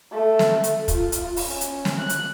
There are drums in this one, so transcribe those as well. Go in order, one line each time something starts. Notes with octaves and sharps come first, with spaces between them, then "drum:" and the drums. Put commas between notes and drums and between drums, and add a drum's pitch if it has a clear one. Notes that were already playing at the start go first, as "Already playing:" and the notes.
A3
drum: snare
drum: hi-hat
F4, drum: kick, hi-hat
drum: hi-hat
drum: open hi-hat
C#4
drum: hi-hat
drum: snare
F#6
drum: hi-hat